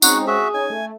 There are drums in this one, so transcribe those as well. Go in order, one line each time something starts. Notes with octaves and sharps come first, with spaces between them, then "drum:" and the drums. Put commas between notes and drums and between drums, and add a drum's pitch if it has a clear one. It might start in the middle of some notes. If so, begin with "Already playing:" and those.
G#3 C4 C#4 D#4 F#4 F#5, drum: tambourine
F#4 G#4 E5
C#4 D#4 G#5
A3